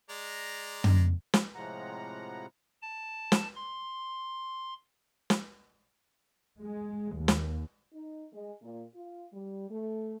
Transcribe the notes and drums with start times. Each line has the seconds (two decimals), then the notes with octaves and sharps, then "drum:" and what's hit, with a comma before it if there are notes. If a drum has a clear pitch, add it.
0.10 G#3 D5 A#5
0.84 drum: tom
1.34 drum: snare
1.55 A2 C3 F3 G#3 F#5 A#5
2.82 A5
3.32 drum: snare
3.56 C6
5.30 drum: snare
6.61 G#3
7.16 D#2
7.28 drum: snare
7.93 D#4
8.33 G#3
8.61 A#2
8.94 F4
9.32 G3
9.70 A3